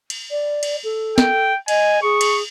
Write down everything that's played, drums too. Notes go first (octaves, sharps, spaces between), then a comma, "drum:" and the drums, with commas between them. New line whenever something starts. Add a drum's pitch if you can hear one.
drum: cymbal
D5
drum: cymbal
A4
G5, drum: snare
D#5 G#5, drum: cymbal
G#4 C#6
drum: cymbal